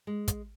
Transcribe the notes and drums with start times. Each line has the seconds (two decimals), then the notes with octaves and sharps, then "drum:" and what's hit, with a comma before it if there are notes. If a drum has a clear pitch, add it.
0.07 G#3
0.28 drum: kick, hi-hat